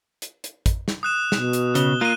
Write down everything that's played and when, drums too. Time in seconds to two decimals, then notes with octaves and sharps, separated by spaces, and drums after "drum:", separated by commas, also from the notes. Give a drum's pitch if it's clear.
0.22 drum: hi-hat
0.44 drum: hi-hat
0.66 drum: kick, hi-hat
0.88 drum: snare
1.03 D#6 F#6 E7
1.32 B2, drum: snare
1.53 drum: hi-hat
1.75 C#3 G7, drum: hi-hat
2.01 A#3 F4 F#6 D#7